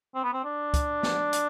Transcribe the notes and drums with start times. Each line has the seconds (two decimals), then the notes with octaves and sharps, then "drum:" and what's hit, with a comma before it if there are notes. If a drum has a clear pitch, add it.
0.15 C4
0.24 B3
0.33 C4
0.44 D4
0.74 drum: kick, hi-hat
1.03 drum: snare
1.33 drum: hi-hat